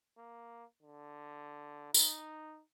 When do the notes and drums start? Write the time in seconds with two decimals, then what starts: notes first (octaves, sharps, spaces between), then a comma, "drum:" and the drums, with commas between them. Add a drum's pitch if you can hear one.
0.18 A#3
0.82 D3
1.94 D#4, drum: tambourine